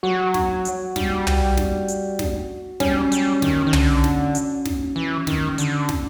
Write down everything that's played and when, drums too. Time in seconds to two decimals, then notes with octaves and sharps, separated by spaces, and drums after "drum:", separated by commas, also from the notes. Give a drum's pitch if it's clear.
0.03 F#3 F#4
0.34 drum: snare
0.65 drum: hi-hat
0.96 G3, drum: snare
1.27 drum: tom
1.57 drum: snare
1.88 drum: hi-hat
2.19 drum: snare
2.80 G3 C#4, drum: snare
3.12 G3, drum: hi-hat
3.42 D#3, drum: snare
3.67 D#3
3.73 D3, drum: tom
4.04 drum: snare
4.35 drum: hi-hat
4.65 drum: snare
4.96 E3
5.27 D#3, drum: snare
5.58 D3, drum: hi-hat
5.89 drum: snare